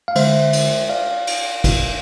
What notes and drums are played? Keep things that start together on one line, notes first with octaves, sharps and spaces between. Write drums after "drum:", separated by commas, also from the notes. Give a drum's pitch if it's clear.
F5
D3 G#3 C5 E5, drum: cymbal
drum: cymbal
D5 F5
drum: cymbal
drum: kick, cymbal